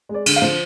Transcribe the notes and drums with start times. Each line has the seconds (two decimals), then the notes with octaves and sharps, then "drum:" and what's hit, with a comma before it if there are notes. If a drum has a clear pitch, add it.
0.09 G#3
0.14 D5
0.26 D3, drum: cymbal
0.36 F5
0.42 F3